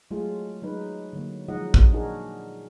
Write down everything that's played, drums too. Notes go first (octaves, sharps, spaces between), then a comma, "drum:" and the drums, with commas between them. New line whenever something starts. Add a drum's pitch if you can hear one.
F#3 G#3 A3 F4 G#4
F#3 G#3 D#4 B4
D3 F#3 A#3
F3 F#3 G#3 D#4 D#5 F#5
drum: kick
A#2 D4 D#4 F#4 G#4 A#4